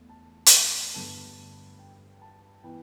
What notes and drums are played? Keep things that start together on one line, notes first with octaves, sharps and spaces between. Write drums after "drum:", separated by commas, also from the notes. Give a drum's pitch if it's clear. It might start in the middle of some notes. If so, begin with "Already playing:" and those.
Already playing: E2 A3
A5
drum: hi-hat
G2 D3 B3 A5
G5
A5
E3 B3 G5